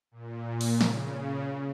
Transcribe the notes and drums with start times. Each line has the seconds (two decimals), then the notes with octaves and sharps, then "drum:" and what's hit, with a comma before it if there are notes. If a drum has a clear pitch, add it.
0.11 A#2
0.61 drum: open hi-hat
0.81 C#3, drum: snare